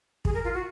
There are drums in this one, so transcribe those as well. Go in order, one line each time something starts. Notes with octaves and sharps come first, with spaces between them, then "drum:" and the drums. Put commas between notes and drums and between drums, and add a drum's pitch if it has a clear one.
G#4, drum: kick
A#4
F4
F#4